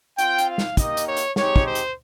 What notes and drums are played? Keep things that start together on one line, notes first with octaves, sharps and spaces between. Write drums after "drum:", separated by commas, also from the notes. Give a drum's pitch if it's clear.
C4 F4 G5, drum: hi-hat
drum: hi-hat
F5
drum: snare
A#3 D#4 G4 D#5, drum: kick, hi-hat
drum: hi-hat
C#5
drum: hi-hat
G#3 C4 D#4 G4 C#5, drum: snare
drum: kick
C5
drum: hi-hat